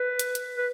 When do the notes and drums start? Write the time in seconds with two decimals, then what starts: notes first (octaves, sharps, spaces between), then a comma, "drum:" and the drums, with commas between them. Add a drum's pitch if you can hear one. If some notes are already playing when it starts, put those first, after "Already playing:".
Already playing: B4
0.19 drum: hi-hat
0.35 drum: hi-hat
0.57 B4